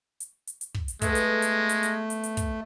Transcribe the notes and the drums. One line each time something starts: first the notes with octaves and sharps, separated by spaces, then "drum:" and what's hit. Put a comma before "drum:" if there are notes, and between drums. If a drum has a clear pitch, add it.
drum: hi-hat
drum: hi-hat
drum: hi-hat
drum: kick
drum: hi-hat
G#3 A3 B3 A4, drum: kick, hi-hat
drum: hi-hat
drum: hi-hat
drum: hi-hat
drum: hi-hat
drum: hi-hat
drum: hi-hat
drum: kick, hi-hat